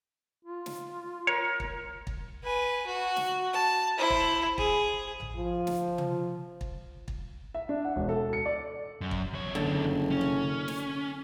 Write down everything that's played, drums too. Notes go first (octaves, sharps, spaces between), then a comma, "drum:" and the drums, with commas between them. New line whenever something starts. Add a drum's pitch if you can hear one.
F4
drum: snare
A#4 C#5
drum: kick
drum: kick
B4 G#5
F#4
drum: snare
A5
E4 C5
drum: kick
G#4, drum: kick
drum: tom A1
F3
drum: snare
drum: tom
drum: kick
drum: kick
E5
D4
F#5
E1
A4
C#7
D5
F#2
drum: kick
E2 C#5
F#1 D3
C#4
drum: tom
drum: snare